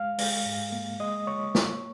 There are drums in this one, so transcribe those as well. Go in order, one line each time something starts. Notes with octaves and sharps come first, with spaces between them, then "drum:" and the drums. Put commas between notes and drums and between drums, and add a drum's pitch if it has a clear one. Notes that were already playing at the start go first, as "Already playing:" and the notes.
Already playing: G#3 F5 F6
G#3, drum: open hi-hat
G#2
A#3
G#3 D#5 D#6
G#3 C#5 C#6
A#3, drum: snare